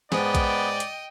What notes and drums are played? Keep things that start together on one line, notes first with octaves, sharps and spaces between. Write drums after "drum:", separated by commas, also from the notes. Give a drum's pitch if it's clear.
G#2 B3 D5 D#5 G5, drum: snare
drum: kick A#1, hi-hat
drum: hi-hat